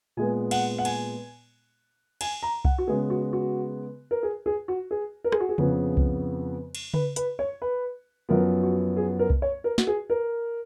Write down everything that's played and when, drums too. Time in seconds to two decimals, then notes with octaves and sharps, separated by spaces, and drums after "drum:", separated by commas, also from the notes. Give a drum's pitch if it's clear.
0.17 A#2 G#3 B3 G#5
0.51 F#5, drum: cymbal
0.78 F#5
0.85 G#5, drum: cymbal
2.21 G#5, drum: cymbal
2.43 A#5
2.65 F#5, drum: kick C2
2.78 F#4
2.87 C#3 G#3 B3 G#4
3.10 F#4
3.33 F#4
4.11 A#4
4.23 G#4
4.46 G#4
4.68 F#4
4.91 G#4
5.24 A#4
5.32 G#4, drum: rim click
5.40 F#4
5.49 G#4
5.58 F2 C#3 F3 B3, drum: tom C#3
5.97 drum: kick C2
6.75 drum: cymbal
6.94 B4, drum: tom C#3
7.16 B4, drum: hi-hat
7.39 C#5
7.62 B4
8.29 F#2 F3 B3 A#4
8.63 F#4
8.97 G#4
9.19 A#4
9.30 drum: kick C2
9.42 C#5
9.64 A#4
9.78 F#4, drum: snare
9.87 G#4
10.10 A#4